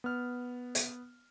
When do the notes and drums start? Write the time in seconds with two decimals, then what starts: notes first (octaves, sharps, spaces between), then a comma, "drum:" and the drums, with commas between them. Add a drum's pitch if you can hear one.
0.04 B3 F6
0.75 drum: hi-hat